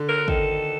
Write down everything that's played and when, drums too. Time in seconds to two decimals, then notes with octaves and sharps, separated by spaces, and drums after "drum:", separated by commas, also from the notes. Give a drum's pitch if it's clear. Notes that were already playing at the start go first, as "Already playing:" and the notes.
Already playing: D3
0.09 A#4
0.28 D#3 A4, drum: kick